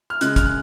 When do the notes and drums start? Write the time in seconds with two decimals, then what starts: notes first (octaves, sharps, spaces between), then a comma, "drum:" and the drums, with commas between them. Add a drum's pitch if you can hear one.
0.10 F6
0.21 C#3 G#3 F#6, drum: hi-hat
0.36 F6, drum: kick, hi-hat
0.45 F#6